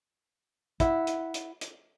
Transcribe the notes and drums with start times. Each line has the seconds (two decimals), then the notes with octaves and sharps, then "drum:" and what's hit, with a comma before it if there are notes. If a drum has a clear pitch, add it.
0.80 E4 F#5, drum: kick, hi-hat
1.07 drum: hi-hat
1.34 drum: hi-hat
1.61 drum: hi-hat